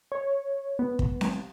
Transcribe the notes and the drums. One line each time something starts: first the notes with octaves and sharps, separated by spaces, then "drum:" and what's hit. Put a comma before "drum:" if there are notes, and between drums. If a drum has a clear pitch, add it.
C#5
B3
drum: kick
drum: snare C4